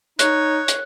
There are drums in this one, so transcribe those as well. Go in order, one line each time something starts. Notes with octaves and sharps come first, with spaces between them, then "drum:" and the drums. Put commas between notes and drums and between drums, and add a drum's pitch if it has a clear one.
D#4 C#5 F#6, drum: hi-hat
drum: hi-hat